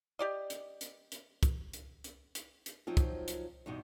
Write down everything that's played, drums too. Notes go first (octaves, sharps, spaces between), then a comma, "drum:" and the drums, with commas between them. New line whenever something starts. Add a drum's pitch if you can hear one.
G4 D5 D#5
drum: hi-hat
drum: hi-hat
drum: hi-hat
drum: kick, hi-hat
drum: hi-hat
drum: hi-hat
drum: hi-hat
drum: hi-hat
F3 F#3 C4 D#4 F4
drum: kick, hi-hat
drum: hi-hat
E2 G2 B2 D#4